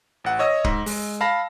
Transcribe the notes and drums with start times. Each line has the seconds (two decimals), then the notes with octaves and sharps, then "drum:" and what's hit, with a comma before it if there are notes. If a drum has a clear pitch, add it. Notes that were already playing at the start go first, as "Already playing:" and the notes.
0.24 A1 F#5
0.39 C#5 D#5 E6 A#6
0.64 G#2, drum: kick
0.86 G#3, drum: open hi-hat
1.21 F5 A5 B5 A#6